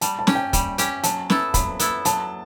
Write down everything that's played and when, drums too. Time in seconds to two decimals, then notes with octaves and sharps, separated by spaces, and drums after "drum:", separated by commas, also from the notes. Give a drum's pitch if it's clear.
0.01 G3 A5, drum: hi-hat
0.19 A5
0.27 C#4 G4, drum: snare
0.35 G5
0.53 G3, drum: kick, hi-hat
0.78 C#4 G4, drum: hi-hat
1.03 F#3 A5, drum: hi-hat
1.30 B3 E4 A4, drum: snare
1.54 F#3 B5, drum: kick, hi-hat
1.79 B3 E4 A4, drum: hi-hat
2.05 F#3 A5, drum: hi-hat